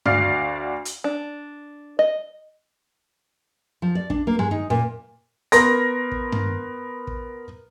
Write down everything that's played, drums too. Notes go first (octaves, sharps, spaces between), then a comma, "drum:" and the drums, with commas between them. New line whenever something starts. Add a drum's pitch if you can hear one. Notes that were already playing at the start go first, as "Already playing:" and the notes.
D2 F#4 D5 F5 F6 C7, drum: tom G2
drum: hi-hat
D4
D#5
F3
D5
D4, drum: kick
A#3
G#3, drum: tom G2
D#4
A#2
B3 A#4 C6 A#6, drum: hi-hat
drum: kick
drum: tom G2
drum: kick